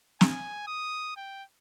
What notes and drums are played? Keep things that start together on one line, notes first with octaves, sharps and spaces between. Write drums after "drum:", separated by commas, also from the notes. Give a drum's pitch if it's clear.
G#5, drum: snare
D#6
G5